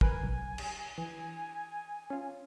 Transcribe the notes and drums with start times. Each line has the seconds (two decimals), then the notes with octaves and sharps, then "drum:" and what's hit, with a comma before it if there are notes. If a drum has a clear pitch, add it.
0.01 A#4 B4 G#5, drum: kick
0.24 B1
0.58 drum: cymbal
0.98 E3 G#5
2.10 C#4 F4